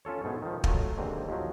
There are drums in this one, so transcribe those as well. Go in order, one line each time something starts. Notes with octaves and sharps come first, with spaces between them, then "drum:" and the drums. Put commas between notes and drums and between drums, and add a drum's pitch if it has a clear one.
C#4 F4 A4 C#5
G#2 B2 A3
D#3 F3
F#3 A3 F4, drum: kick
D#2 G#2 D3 C4
D#2 F3 F#3